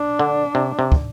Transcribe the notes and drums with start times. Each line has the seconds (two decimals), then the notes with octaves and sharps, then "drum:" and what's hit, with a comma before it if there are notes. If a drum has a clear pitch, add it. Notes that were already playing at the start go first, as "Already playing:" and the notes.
Already playing: D4
0.19 D3
0.55 C3
0.79 C3
0.92 drum: kick